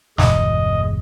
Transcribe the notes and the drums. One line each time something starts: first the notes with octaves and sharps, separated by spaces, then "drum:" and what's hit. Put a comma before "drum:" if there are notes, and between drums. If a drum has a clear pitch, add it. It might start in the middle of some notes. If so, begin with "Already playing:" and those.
G1 E2 B2 G#3 D#5, drum: snare